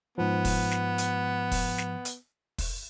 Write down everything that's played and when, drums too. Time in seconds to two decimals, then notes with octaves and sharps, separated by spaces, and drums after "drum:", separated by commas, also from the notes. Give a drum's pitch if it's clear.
0.18 G#2 F3 B3
0.45 drum: kick, open hi-hat
0.71 drum: snare
0.98 drum: hi-hat
1.52 drum: kick, open hi-hat
1.78 drum: snare
2.05 drum: hi-hat
2.58 drum: kick, open hi-hat